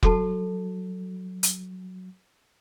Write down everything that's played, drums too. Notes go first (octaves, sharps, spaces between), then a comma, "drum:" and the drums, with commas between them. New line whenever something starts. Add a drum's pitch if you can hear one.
F#3 F#4 A4 A5, drum: kick
drum: hi-hat